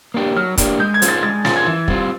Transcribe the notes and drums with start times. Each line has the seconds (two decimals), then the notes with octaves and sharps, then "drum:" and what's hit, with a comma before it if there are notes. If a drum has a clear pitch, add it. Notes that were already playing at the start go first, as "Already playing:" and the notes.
0.14 A#3 D4 G4
0.36 F#3 F6
0.58 A#3 D4 G4, drum: kick, hi-hat
0.79 G#3 G6
0.94 G#6
1.02 C#4 F4 G#4 C5, drum: hi-hat
1.08 A6
1.23 G#3 A6
1.45 C#4 F4 G#4 C5 A6, drum: snare
1.56 G#6
1.66 E3
1.88 G3 C4 F4, drum: kick